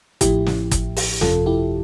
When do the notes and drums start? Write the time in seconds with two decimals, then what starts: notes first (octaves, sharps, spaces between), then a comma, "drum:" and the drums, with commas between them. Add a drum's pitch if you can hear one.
0.21 A1 A2 F3 E4 G4, drum: kick, hi-hat
0.46 drum: snare
0.71 drum: kick, hi-hat
0.96 drum: open hi-hat
1.21 G1 F2 C3 F3 F4 A4, drum: snare
1.46 E4 G4